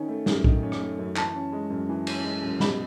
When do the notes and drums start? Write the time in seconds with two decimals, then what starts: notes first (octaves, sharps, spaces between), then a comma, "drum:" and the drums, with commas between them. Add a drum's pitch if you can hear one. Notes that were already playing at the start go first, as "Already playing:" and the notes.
Already playing: D#3 C#4
0.08 A3
0.26 F#2, drum: snare
0.44 D#3, drum: kick
0.63 C#4
0.72 drum: rim click
0.81 A3
0.99 F#2
1.16 E3 A5, drum: clap
1.35 C#4
1.52 G#3
1.70 F#2
1.89 E3
2.07 C#4, drum: cymbal
2.24 G#3
2.42 F#2
2.60 B2 B5, drum: snare